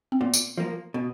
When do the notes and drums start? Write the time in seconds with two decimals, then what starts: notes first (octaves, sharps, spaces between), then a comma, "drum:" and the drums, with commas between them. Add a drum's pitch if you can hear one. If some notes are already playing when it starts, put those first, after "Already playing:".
0.12 C4
0.21 A#2 B3
0.34 drum: tambourine
0.58 F3 A#3
0.94 B2